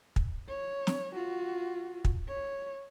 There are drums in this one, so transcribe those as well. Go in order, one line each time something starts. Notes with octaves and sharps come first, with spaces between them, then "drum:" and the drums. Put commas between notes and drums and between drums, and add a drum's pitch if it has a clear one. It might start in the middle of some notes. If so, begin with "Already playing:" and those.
drum: kick
C#5
drum: snare
F4 F#4
drum: kick
C#5